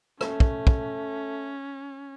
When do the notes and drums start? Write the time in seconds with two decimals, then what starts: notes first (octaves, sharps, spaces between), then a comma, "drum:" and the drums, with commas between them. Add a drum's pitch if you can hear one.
0.21 A3 C#4, drum: rim click
0.40 drum: kick
0.67 drum: kick